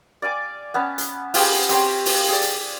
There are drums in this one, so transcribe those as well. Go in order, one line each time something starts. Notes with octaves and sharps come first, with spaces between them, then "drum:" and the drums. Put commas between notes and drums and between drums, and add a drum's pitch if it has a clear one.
D5 F5 G#5 D6
B3 C#4 A5
drum: hi-hat
F4 G4 G#4 G#5, drum: open hi-hat
C4 G4 C5 C#5, drum: hi-hat
drum: open hi-hat
G#4 A4 D5
drum: hi-hat